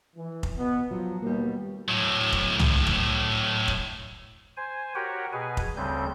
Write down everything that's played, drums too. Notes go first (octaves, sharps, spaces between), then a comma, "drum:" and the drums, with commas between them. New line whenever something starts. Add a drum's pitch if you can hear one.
E3
drum: kick F1
B2 B3
F3 F#3
D#2 B2 G3 A#3
A2 F#3
drum: kick F1
drum: tom
drum: kick F1
drum: kick F1
C5 G#5
F#4 G4 A#4 C#5 F#5 G5
B2 G#4 B4 G#5
drum: kick F1
D2 C#3 G3 C4 G6